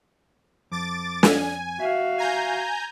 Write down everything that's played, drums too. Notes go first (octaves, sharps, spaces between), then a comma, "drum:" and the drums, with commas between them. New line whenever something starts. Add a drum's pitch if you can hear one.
F2 D6 A6
G#5, drum: snare
F#4 E5 F5
G#5 A#5 G6